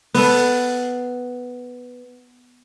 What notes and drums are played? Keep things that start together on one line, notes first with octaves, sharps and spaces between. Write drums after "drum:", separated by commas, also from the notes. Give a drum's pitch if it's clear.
B3 A4, drum: open hi-hat